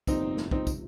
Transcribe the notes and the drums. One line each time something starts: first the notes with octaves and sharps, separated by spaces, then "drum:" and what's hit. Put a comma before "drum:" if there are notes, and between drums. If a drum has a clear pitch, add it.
G1 F2 C3 G3 A#3 C4 D#4, drum: kick, tambourine
drum: snare
C#2 C3 F3 C4 D#4, drum: kick
drum: kick, tambourine